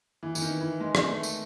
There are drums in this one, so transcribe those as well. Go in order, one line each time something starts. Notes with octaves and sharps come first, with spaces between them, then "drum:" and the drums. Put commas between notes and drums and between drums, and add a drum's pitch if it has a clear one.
E3
E3, drum: tambourine
D#3
E3
G#3
drum: rim click
A3
drum: tambourine